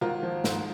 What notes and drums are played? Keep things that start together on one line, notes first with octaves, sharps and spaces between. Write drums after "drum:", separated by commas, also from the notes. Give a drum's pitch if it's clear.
G#1 F4 A#4
F3
G#2, drum: snare